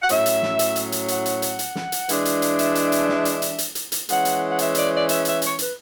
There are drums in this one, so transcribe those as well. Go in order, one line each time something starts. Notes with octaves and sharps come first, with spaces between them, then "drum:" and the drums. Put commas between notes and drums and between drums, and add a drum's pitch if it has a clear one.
F#5
A2 F#3 C#4 E5, drum: hi-hat
drum: hi-hat
drum: snare
drum: hi-hat
drum: hi-hat
drum: hi-hat
F#5, drum: hi-hat
drum: hi-hat
drum: hi-hat
drum: hi-hat
drum: snare
drum: hi-hat
E3 G#3 D4, drum: hi-hat
drum: hi-hat
drum: hi-hat
E5, drum: hi-hat
drum: hi-hat
drum: hi-hat
drum: snare
drum: hi-hat
drum: hi-hat
drum: hi-hat
drum: hi-hat
drum: hi-hat
E3 G#3 C#4 F#5, drum: hi-hat
drum: hi-hat
F#5
E5, drum: hi-hat
D5, drum: hi-hat
D5
E5, drum: hi-hat
E5, drum: hi-hat
C#5, drum: hi-hat
B4, drum: hi-hat